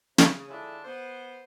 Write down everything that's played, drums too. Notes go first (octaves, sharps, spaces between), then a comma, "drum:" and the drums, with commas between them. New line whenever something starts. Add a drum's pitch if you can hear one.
C#3, drum: snare
D3 G#3 D4 E4 F4 A4
B3 C5